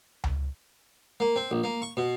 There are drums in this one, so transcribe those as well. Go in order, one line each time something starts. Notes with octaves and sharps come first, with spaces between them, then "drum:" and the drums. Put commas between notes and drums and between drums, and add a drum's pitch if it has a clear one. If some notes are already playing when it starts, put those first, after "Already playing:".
drum: tom C#2
A#3
C4
A#1
A#3
C#6
B2